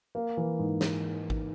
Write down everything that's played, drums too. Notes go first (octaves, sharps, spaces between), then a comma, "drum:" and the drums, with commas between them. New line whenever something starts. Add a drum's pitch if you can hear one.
A#3
E3
G#2
drum: snare
drum: kick G#1